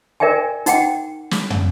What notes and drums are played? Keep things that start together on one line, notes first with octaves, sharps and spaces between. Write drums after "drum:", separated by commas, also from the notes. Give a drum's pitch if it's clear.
A#4 D5 E5 G5 G#5
D#4 F#5 G5, drum: hi-hat
drum: snare
drum: tom